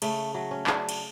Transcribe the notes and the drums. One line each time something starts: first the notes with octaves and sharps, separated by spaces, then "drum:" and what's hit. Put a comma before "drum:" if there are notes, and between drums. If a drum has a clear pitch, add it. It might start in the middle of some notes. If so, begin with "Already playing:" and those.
C#3 A3, drum: cymbal
F#3 A3
C#4
C#3 D4, drum: clap
drum: cymbal